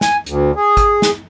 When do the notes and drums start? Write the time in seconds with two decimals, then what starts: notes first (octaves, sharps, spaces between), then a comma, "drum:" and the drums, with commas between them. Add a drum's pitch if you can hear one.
0.01 G#5, drum: snare
0.26 D2, drum: hi-hat
0.56 G#4
0.77 drum: kick G#1, hi-hat
1.02 drum: snare